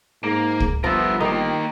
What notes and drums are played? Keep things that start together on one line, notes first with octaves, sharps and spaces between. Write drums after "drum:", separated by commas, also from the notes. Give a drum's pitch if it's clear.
G#2 A#3
drum: kick
G1 F3 B3 A#4 E5
D#3 A#3 D#4 G4